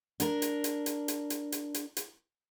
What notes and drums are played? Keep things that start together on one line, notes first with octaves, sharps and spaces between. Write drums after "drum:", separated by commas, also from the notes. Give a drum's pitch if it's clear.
D4 A#4, drum: hi-hat
drum: hi-hat
drum: hi-hat
drum: hi-hat
drum: hi-hat
drum: hi-hat
drum: hi-hat
drum: hi-hat
drum: hi-hat